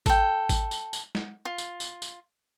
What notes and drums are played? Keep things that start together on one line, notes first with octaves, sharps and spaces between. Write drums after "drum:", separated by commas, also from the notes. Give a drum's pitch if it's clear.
A4 G5, drum: kick G#1, tambourine
drum: kick G#1, tambourine
drum: tambourine
drum: tambourine
drum: snare
F4
drum: tambourine
drum: tambourine
drum: tambourine